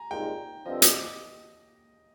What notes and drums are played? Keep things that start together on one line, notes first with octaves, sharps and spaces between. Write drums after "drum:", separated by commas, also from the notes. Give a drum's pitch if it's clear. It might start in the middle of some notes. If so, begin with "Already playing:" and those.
Already playing: G#5 A#5
C2 A#2 G#3 D#4 G5
G2 D3 F3 C4 D#5
D#6, drum: hi-hat
D6